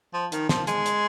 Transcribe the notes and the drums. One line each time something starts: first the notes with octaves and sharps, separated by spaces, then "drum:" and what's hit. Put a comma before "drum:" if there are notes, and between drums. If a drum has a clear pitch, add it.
F3
D#3, drum: hi-hat
F3, drum: snare
G#3, drum: hi-hat
drum: hi-hat